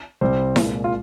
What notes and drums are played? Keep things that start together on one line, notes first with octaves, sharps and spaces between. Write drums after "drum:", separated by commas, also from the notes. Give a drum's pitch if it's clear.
C2 C3 G3 C4 C5
C2 A#2 G#3, drum: snare E4
F4